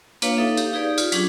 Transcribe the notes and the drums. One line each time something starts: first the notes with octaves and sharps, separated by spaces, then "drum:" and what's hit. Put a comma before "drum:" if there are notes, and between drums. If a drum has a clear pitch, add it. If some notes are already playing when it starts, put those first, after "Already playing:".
A#3 D4 F4 B4 C#5 F5, drum: tambourine
D#4 A4 E5 F5
G4 F5, drum: tambourine
D#4 G4 G#4 B4 D5
F4, drum: tambourine
F#3 C#4 D4 F4 G#4, drum: tambourine